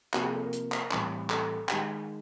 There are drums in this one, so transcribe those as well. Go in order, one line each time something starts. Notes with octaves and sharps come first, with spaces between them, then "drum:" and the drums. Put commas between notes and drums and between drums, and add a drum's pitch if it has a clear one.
C3 F3 A#3 F#4, drum: clap
G#4
A4
A#4
drum: hi-hat
drum: clap
A2 E3 G3 C4, drum: clap
A4, drum: clap
D#3 G#3 G4, drum: clap